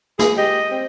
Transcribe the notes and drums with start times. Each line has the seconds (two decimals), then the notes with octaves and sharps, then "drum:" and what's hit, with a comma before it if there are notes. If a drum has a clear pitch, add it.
0.19 G#4, drum: snare
0.38 G4 D#5
0.71 C4